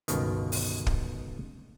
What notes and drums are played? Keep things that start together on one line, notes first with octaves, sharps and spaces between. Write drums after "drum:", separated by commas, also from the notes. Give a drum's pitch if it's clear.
G1 C#2 B2 D#3, drum: hi-hat
drum: open hi-hat
drum: kick